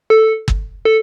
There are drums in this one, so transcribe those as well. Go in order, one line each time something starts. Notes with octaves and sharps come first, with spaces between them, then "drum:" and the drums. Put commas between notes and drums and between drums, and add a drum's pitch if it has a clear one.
A4
drum: kick
A4